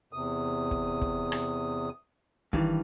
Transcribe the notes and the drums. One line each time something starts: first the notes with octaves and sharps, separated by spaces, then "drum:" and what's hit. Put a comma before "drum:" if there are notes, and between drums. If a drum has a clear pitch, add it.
E2 C3 D#6
drum: kick
drum: kick
drum: rim click
G2 D#3 E3, drum: kick